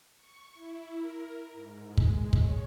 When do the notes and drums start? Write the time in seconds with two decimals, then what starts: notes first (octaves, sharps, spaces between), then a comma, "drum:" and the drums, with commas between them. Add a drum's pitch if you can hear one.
0.17 C#6
0.54 E4
0.95 A#4
1.53 G#2
1.87 G#3
1.97 drum: kick
2.33 C#5, drum: kick